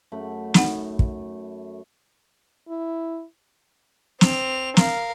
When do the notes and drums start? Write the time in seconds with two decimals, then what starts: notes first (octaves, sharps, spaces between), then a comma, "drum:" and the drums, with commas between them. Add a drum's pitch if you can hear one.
0.12 F#2 A3 B5
0.54 D#4 F#5, drum: snare
0.99 drum: kick
2.69 E4
4.21 C4 F7, drum: snare
4.77 A#4 F5, drum: snare